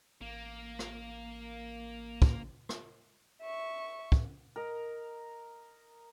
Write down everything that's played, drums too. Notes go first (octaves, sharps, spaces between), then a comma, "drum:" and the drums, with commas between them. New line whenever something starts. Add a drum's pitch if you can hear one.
A1 A#3
drum: rim click
drum: kick
drum: rim click
E5 C#6
drum: kick
A#4 D#5